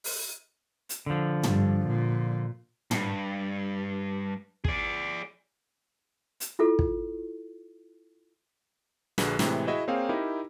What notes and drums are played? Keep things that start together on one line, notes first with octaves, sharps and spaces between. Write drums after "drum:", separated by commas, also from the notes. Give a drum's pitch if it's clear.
drum: open hi-hat
drum: hi-hat
D3 F3
G2, drum: tom
A#2
G2, drum: tom
G#4 D5, drum: kick
drum: hi-hat
E4 F4 A4
drum: kick
A#1 D3 F#4 G#4 B4, drum: snare
A2 C3 E3 G#3, drum: snare
E4 F#4 G#4 D#5 E5
A#3 C4 G#4 C#5 F5 G5
D#4 E4 G4 A#4